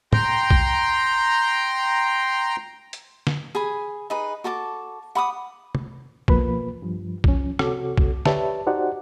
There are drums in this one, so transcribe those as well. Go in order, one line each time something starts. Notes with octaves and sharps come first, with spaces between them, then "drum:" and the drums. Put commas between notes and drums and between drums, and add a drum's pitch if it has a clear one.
G5 A#5 C6, drum: tom A2
drum: kick B1
drum: hi-hat
drum: snare
G#4 G#5 B5
D#4 G#4 B4
F#4 A4 A5 D6
F#5 B5 D6 D#6
drum: tom
B2 F3 A#3 B4 B5, drum: kick B1
G2 F3
F3 C#4, drum: kick B1
C3 C4 F#4 A4 C#5 D6, drum: rim click
drum: kick B1
G4 B4 C#5 D5 E5 A5, drum: snare
D#4 F#4 G4 C5 D5 F#5